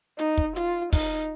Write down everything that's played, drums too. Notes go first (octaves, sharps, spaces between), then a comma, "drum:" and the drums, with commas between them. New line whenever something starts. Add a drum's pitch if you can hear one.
D#4, drum: hi-hat
drum: kick
F4, drum: hi-hat
D#4, drum: kick, open hi-hat